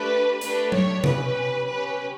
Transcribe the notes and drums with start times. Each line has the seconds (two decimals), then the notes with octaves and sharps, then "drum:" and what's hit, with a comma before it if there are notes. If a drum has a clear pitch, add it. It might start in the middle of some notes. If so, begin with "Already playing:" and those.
Already playing: A3 D4 G4 B4
0.41 A3 D4 G4 B4, drum: hi-hat
0.72 C#5, drum: tom F#3
1.04 C#4 G4 B4, drum: tom C3
1.67 C#4 G4 B4